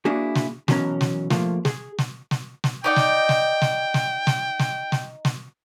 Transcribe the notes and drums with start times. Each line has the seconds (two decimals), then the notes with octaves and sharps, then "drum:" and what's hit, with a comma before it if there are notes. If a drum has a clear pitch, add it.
0.05 A#3 D4 E4 F#4 G#4
0.35 drum: snare
0.68 B2 E3 F#3 C#4 A#4, drum: snare
1.01 drum: snare
1.30 F3 A3 A#3 F4, drum: snare
1.65 G#4, drum: snare
1.98 drum: snare
2.31 drum: snare
2.64 drum: snare
2.84 D#4 D5 F#5 G5
2.96 drum: snare
3.29 drum: snare
3.62 drum: snare
3.94 drum: snare
4.27 drum: snare
4.59 drum: snare
4.92 drum: snare
5.25 drum: snare